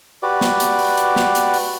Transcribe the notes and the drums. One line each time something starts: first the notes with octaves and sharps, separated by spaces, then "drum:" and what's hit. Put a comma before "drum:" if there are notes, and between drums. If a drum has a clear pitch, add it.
F#4 G4 B4 D5
drum: snare
drum: hi-hat
drum: open hi-hat
drum: hi-hat
drum: snare
drum: hi-hat
drum: open hi-hat